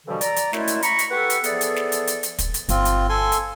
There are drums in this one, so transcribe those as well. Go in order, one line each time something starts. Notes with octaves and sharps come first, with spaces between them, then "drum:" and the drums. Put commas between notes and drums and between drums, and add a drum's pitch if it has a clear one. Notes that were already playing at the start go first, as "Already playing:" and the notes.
G2 B2 D3 E3 F3 G3
D5 A#5, drum: hi-hat
drum: hi-hat
F#2 G#3 A3 E4, drum: snare
drum: hi-hat
A#5 B5 C#6, drum: hi-hat
drum: hi-hat
G4 A4 B4 F#5 C#6
drum: hi-hat
E3 F3 B3 G#4 A4 D5, drum: hi-hat
drum: hi-hat
drum: snare
drum: hi-hat
drum: hi-hat
drum: hi-hat
drum: kick, hi-hat
drum: hi-hat
G1 C4 F4, drum: hi-hat
drum: hi-hat
A4 G#5 C6
drum: hi-hat